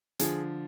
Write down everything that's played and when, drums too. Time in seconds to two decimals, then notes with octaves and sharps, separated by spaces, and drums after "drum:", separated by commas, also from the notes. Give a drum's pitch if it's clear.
0.19 D3 F3 G#4, drum: hi-hat